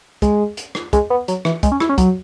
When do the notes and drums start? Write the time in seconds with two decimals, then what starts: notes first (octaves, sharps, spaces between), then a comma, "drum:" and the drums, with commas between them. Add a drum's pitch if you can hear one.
0.22 G#3, drum: kick, hi-hat
0.57 drum: hi-hat
0.75 drum: rim click
0.93 G#3, drum: kick, hi-hat
1.10 B3
1.28 F#3, drum: hi-hat
1.45 E3, drum: rim click
1.63 G#3, drum: kick, hi-hat
1.72 C#4
1.80 E4, drum: rim click
1.89 C#4
1.98 F#3, drum: kick, hi-hat